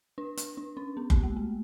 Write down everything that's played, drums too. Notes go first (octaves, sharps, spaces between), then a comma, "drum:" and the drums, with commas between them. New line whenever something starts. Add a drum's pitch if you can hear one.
D4
D4, drum: hi-hat
D4
C#4
B3
A#3, drum: kick F#1
G#3
A3